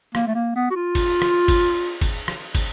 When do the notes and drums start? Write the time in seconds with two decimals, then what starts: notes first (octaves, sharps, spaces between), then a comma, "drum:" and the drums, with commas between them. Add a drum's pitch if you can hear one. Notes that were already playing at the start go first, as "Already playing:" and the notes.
0.15 A#3, drum: rim click
0.27 A3
0.35 A#3
0.56 B3
0.70 F#4
0.76 F4
0.95 drum: kick, cymbal
1.22 drum: rim click
1.48 drum: kick, cymbal
2.01 drum: kick, cymbal
2.28 drum: rim click
2.55 drum: kick, cymbal